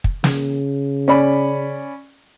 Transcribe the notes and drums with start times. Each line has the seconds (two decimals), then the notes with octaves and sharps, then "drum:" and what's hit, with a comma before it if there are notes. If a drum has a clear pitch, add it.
0.04 drum: kick
0.24 C#3, drum: snare
1.08 C#4 D5 B5